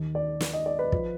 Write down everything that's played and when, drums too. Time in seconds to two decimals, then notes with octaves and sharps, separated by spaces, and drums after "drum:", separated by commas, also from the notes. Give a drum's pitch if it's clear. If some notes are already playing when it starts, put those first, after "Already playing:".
Already playing: D#2 D#3
0.15 D5
0.41 drum: snare
0.53 D#5
0.66 D5
0.79 B4
0.92 F3, drum: kick